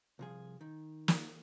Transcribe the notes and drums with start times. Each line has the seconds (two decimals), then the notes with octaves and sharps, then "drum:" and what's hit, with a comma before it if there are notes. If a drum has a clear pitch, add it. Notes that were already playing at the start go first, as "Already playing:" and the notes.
0.19 C2 F3 G#4
0.61 D#3
1.08 drum: snare